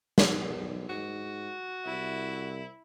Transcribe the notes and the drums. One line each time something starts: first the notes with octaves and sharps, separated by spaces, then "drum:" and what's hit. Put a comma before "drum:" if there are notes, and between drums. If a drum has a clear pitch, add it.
B1, drum: snare
G#2 F#4
C2 E4